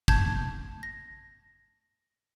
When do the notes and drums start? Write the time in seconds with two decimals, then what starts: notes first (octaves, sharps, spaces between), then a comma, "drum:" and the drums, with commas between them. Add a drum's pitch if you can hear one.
0.08 A5 G6 G#6, drum: kick
0.83 A#6